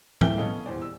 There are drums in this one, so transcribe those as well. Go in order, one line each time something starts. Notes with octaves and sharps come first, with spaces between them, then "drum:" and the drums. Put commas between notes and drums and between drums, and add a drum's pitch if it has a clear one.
E3 A3 G5 G7, drum: tom A2
B3 C#4 A4 D#5 F5
D#1 E2 C5 D5
E6